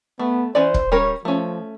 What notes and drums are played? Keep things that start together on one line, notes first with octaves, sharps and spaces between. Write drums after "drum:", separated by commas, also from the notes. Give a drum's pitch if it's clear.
A3 B3
E3 C#4 C5 D5
drum: kick
G3 C#4 A#4 C#5
F3 A3 C#4